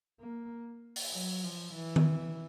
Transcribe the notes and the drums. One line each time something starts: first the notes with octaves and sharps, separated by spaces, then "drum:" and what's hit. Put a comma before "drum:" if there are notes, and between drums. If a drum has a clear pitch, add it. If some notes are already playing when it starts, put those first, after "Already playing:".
A#3
drum: open hi-hat
F#3
F3
E3
drum: tom D#3